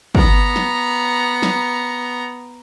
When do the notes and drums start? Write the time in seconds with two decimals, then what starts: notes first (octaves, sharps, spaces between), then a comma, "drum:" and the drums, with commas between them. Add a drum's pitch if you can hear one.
0.15 B3 A#5, drum: kick
0.56 drum: snare
1.43 drum: snare